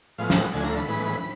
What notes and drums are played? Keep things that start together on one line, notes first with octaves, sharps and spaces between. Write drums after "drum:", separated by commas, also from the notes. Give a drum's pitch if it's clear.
A2 F3 G#3 B3 F5
G5, drum: snare
F#5
D2 D3 F3 A3 G#5
A#5
B5
A2 E3 G#3 B3